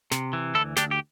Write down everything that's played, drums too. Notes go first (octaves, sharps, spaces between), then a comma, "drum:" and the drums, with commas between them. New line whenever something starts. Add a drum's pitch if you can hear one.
C3, drum: snare
E3
D2 E4 A4
D2 D4 G4, drum: snare
G4